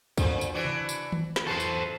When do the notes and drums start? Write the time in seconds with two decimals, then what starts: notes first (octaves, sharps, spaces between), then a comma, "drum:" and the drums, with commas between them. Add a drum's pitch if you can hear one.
0.18 A#2 D3 C5, drum: kick, tambourine
0.41 drum: tambourine
0.54 E3 D4 F#4
0.65 drum: tom C3
0.89 drum: tambourine
1.12 drum: tom D#3
1.36 drum: snare
1.47 E3 F#4 A4 C5
1.60 drum: tambourine